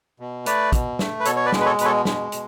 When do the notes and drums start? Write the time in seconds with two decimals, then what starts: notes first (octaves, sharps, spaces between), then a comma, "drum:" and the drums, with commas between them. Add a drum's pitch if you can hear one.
0.20 B2
0.46 A3 B4 D5, drum: hi-hat
0.72 B2, drum: kick, hi-hat
0.99 A3, drum: snare
1.20 B4
1.25 B2 A4 C#5, drum: hi-hat
1.36 C#5
1.45 B4 D5
1.52 G#3, drum: snare
1.61 B4
1.66 A4 C#5
1.79 B2 B4, drum: hi-hat
1.85 A4 C#5
2.05 G#3, drum: snare
2.32 B2, drum: hi-hat